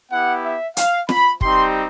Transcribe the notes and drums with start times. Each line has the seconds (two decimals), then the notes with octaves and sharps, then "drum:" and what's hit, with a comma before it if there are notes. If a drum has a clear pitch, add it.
0.10 B3 E4 G4 F#5
0.43 E5
0.77 F5, drum: hi-hat
1.09 B5, drum: snare
1.41 G3 C4 D#4 G4 C6, drum: kick